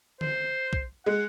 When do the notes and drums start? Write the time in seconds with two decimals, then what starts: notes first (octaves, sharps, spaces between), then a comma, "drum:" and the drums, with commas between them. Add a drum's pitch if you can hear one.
0.21 C5, drum: tom D3
0.73 drum: kick
1.06 G#3 F#5